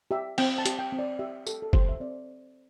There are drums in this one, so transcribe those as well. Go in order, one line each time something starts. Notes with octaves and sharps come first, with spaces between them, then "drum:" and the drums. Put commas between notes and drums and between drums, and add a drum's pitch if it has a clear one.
G4 E5
C4 G5, drum: cymbal
A5
G4, drum: hi-hat
G5
C4
D5
G4 E5
G4 A4, drum: tambourine
A4
G4 C5, drum: kick F#1
E5
C4 D5